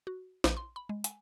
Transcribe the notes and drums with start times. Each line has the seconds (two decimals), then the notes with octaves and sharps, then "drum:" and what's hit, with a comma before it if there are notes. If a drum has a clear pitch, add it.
0.07 F#4
0.44 A#1, drum: snare
0.57 C6
0.76 B5
0.89 G#3
1.04 G#5, drum: hi-hat